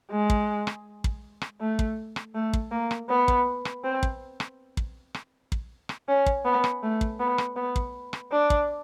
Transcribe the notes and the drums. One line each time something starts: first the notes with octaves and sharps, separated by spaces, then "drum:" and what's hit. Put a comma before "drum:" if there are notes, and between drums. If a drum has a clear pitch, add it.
G#3
drum: kick
drum: rim click
drum: kick
drum: rim click
A3
drum: kick
drum: rim click
A3
drum: kick
A#3
drum: rim click
B3
drum: kick
drum: rim click
C4
drum: kick
drum: rim click
drum: kick
drum: rim click
drum: kick
drum: rim click
C#4
drum: kick
B3
drum: rim click
A3
drum: kick
B3
drum: rim click
B3
drum: kick
drum: rim click
D4
drum: kick